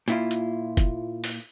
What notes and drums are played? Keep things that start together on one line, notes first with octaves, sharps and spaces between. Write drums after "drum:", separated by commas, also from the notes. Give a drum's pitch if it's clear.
A#2 E4 F4, drum: hi-hat
drum: hi-hat
drum: kick, hi-hat
drum: open hi-hat